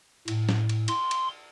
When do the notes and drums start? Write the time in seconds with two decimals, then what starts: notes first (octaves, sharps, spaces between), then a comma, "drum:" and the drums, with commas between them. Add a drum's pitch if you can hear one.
0.28 A2, drum: cymbal
0.49 drum: snare
0.69 drum: cymbal
0.88 C6, drum: cymbal
1.11 drum: cymbal